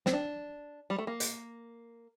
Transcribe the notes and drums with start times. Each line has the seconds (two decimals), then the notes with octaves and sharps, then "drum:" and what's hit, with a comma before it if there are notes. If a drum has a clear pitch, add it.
0.06 C4, drum: snare
0.13 D4
0.90 G3
0.98 A3
1.07 A#3
1.20 drum: hi-hat